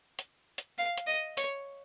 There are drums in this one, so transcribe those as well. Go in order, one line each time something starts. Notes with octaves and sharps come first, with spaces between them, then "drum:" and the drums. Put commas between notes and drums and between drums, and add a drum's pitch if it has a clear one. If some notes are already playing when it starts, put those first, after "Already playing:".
drum: hi-hat
drum: hi-hat
F5
drum: hi-hat
D#5
C#5, drum: hi-hat